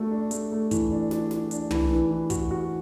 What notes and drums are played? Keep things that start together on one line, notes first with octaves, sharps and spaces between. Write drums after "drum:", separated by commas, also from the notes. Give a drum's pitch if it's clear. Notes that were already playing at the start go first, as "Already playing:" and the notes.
Already playing: A3 D4 F#4
D4
A3, drum: hi-hat
A3
E3, drum: kick, hi-hat
D4
D4, drum: snare
D4, drum: snare
D4, drum: hi-hat
E3, drum: tom
E3
E3
F#4, drum: kick, hi-hat
F#4